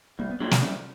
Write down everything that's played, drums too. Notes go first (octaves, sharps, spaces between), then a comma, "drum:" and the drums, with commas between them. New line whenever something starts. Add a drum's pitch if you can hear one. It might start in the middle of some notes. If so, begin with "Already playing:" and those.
C2 A#3
B3
A#2 F#3 D4
C4, drum: snare
C2 C#4